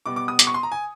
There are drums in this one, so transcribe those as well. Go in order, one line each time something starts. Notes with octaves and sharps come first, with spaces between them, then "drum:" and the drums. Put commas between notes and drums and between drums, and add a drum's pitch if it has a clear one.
B2 G3 B3 D6
D6
D#6
D6, drum: hi-hat
C#6
C6
A#5
G#5